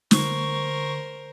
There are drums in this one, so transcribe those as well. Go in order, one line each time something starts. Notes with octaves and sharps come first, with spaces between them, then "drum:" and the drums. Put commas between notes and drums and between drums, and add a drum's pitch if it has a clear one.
D3 A#4 C5 C#6, drum: snare